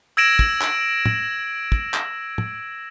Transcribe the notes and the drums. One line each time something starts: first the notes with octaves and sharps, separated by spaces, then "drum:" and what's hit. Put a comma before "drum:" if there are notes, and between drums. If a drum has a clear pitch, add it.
E6 G#6 A#6 D7 E7 F#7
drum: kick
drum: clap
drum: tom
drum: kick
drum: clap
drum: tom